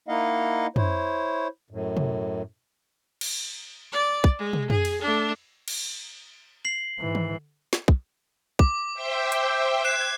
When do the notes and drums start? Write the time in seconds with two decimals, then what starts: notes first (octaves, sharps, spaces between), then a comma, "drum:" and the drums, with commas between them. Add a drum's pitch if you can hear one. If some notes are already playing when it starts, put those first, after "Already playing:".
0.08 A#3 D#4 E4 D#5 F5 F#5
0.76 E4 C5 C#5, drum: tom
1.71 F#2 A2
1.97 drum: tom
3.21 drum: cymbal
3.92 D5
4.24 drum: kick
4.39 G#3
4.53 drum: tom
4.70 G#4, drum: tom
4.85 drum: cymbal
5.01 A3 D4
5.68 drum: cymbal
6.65 C7 F#7
6.99 G#2 E3
7.15 drum: tom
7.73 drum: snare
7.88 drum: kick
8.59 D6, drum: kick
8.94 C5 E5 G5
9.32 drum: hi-hat
9.85 F#6 G#6 C7 E7